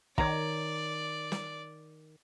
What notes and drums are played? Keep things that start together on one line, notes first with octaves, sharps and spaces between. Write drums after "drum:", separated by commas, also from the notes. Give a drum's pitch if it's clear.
D#3 C#5 D5 A#5, drum: kick
drum: snare